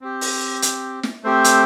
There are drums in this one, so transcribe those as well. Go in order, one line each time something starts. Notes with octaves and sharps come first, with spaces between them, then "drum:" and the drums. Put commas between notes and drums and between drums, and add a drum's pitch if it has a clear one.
C4 G4
drum: open hi-hat
drum: hi-hat
drum: snare
A3 C4 G4 C5
drum: hi-hat